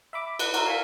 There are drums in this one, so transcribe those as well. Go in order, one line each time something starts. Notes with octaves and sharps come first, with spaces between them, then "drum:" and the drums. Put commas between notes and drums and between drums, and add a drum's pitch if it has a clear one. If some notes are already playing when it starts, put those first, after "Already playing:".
E5 B5 D6
B4 F#5, drum: cymbal
F#4 A#4 C5 E5, drum: cymbal
F5 G#5 C#6 B6